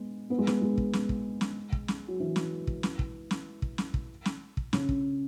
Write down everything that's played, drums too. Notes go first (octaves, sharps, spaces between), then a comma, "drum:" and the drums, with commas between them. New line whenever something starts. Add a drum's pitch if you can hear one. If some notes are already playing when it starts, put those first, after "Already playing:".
Already playing: G#3 B3
B3
G#3
B3, drum: snare
G#3
drum: kick
drum: snare
drum: kick
drum: snare
drum: kick
drum: snare
F#3
E3
drum: snare
drum: kick
drum: snare
drum: kick
drum: snare
drum: kick
drum: snare
drum: kick
drum: snare
drum: kick
C#3, drum: snare
drum: kick